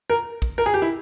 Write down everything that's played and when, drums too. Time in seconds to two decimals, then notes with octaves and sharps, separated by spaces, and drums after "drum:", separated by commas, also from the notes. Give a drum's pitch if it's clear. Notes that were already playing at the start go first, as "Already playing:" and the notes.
0.10 A#4
0.42 drum: kick
0.58 A#4
0.66 G#4
0.74 G4
0.82 E4